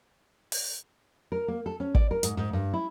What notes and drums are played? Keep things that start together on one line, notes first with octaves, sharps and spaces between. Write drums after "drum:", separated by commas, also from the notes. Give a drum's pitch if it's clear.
drum: open hi-hat
A#4
A#3
A4
C#4
D5, drum: kick
A#4
G#2, drum: hi-hat
G#2
G2
E4